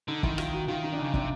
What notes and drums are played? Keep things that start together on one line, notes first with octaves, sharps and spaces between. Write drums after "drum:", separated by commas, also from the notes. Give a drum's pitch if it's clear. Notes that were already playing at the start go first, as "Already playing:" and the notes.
D3 D#4
D#3 E4, drum: kick
F4, drum: rim click
F#4
D#3 F4
D#4
D4
C#3 D#4
C3 D4, drum: kick